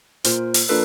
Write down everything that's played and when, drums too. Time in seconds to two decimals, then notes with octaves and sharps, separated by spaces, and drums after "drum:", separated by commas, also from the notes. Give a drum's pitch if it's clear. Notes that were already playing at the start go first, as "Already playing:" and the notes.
0.24 A#2 A#4 C5, drum: hi-hat
0.54 drum: open hi-hat
0.69 F3 A#3 D4 A4 B4